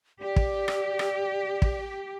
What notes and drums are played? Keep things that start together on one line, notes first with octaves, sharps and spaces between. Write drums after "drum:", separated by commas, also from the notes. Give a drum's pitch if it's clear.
G4 D5
drum: kick
drum: rim click
drum: rim click
drum: kick